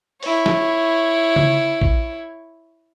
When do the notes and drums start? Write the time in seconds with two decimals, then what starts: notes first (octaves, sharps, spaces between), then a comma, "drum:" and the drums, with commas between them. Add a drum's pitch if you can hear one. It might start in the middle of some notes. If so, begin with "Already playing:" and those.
0.23 E4 C#5, drum: open hi-hat
0.46 drum: snare
1.36 drum: tom C#3
1.82 drum: kick